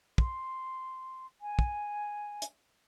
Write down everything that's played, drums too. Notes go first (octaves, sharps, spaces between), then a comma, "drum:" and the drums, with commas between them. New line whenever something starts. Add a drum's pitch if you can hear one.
C6, drum: kick
G#5
drum: kick
drum: hi-hat